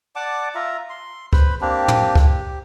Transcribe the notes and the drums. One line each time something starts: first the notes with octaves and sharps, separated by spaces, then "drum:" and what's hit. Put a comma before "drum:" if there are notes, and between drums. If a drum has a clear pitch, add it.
D5 F#5 A5 D6
F4 E5 A#5
C6
B4 C5 B5, drum: kick C#2
A#3 C4 D4 G4
drum: tom
drum: kick C#2
G4